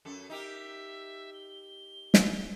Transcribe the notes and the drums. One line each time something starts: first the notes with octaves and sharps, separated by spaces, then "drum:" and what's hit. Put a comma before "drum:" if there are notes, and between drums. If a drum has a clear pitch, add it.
F#2 A4
D#4 G4 A#4 E5
G7
drum: snare